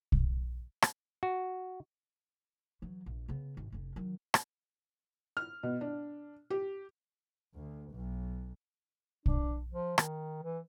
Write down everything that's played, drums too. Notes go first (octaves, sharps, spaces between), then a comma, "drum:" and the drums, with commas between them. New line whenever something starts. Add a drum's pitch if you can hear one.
drum: kick
drum: rim click
F#4
E3 F#3
A#1
C#3 B3
G#1
F1 C#4
D#3 F#3
drum: rim click
F6
B2
D4
G4
D2
B1
D4, drum: kick
F3
D#3, drum: rim click
E3